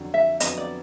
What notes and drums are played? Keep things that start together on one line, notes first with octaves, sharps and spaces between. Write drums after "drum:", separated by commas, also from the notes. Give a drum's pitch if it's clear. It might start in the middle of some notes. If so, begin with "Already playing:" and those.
Already playing: F2 D3 F#3
E5
F2 D3 F#3 B3 D#5, drum: hi-hat
D5